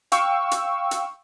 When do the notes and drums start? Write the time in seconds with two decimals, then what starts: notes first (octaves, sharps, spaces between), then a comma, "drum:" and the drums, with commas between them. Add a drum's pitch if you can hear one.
0.12 F5 G5 C#6 E6, drum: hi-hat
0.51 drum: hi-hat
0.91 drum: hi-hat